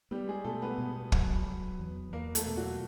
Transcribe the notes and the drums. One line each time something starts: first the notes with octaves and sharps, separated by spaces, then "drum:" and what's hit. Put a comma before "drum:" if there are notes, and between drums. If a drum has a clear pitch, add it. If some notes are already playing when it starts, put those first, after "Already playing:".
G3 B3 G4
G#3 G#4
B2 A3 A4
B3 B4
B2
F#3, drum: kick
F#3
E2
E2 A#3 A#4
A3 A4, drum: hi-hat
B2
F#3 F#4